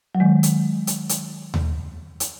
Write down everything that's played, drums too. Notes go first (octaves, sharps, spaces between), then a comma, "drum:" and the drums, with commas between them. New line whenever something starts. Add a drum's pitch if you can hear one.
F#3
D#3 G#3
drum: hi-hat
drum: hi-hat
drum: hi-hat
drum: tom D#2
drum: hi-hat